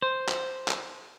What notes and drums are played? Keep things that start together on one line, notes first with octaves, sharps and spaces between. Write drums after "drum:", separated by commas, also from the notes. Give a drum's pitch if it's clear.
C5
drum: clap
drum: clap